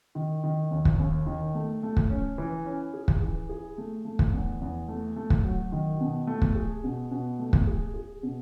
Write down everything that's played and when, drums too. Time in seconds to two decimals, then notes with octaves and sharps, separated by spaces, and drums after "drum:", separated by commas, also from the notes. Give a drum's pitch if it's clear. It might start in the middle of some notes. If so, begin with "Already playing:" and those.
0.15 D#3
0.44 D#3
0.71 D#2
0.85 drum: kick
0.99 D#2
1.27 D#3
1.55 A3
1.83 A3
1.97 drum: kick
2.10 C#4
2.38 E3
2.65 C#4
2.94 G#4
3.08 drum: kick
3.22 E3
3.49 G#4
3.78 A3
4.05 A3
4.19 drum: kick
4.33 E2
4.61 E2
4.88 A3
5.16 A3
5.30 drum: kick
5.45 F#3
5.72 D#3
6.00 B2
6.27 A3
6.42 drum: kick
6.55 G#4
6.84 B2
7.11 B2
7.39 A3
7.53 drum: kick
7.67 G#4
7.94 G#4
8.23 B2